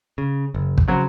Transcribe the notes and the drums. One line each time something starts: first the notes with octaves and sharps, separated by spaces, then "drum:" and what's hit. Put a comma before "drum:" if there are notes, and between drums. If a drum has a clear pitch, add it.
C#3
F#1
drum: kick
C#3 F#3 C4